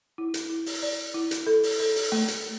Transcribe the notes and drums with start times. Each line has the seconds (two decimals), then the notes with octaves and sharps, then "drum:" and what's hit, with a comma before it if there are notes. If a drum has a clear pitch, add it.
0.18 E4
0.34 drum: hi-hat
0.49 E4
0.66 drum: open hi-hat
0.82 D5
1.14 E4
1.31 drum: hi-hat
1.47 A4
1.63 drum: open hi-hat
1.80 A4
1.96 drum: open hi-hat
2.12 A3
2.28 drum: hi-hat